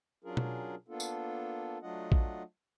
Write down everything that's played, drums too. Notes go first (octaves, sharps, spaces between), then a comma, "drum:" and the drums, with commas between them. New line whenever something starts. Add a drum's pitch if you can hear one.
F#3 C#4 D4 F4 G#4 A#4
drum: tom B2
A#3 B3 D4 F4 A4
drum: tambourine
F#3 A3 D4 F4 D#5 F#5
drum: kick A#1